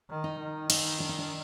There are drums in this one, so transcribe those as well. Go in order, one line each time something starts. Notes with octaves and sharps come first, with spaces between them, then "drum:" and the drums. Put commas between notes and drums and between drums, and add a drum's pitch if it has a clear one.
D#3
D#4
D#3
D#4, drum: cymbal
D4
D#4
D4